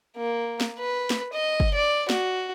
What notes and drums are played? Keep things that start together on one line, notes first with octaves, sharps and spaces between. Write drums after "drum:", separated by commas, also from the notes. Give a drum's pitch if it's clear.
A#3
drum: snare
B4
drum: snare
D#5
drum: kick
D5
F#4, drum: snare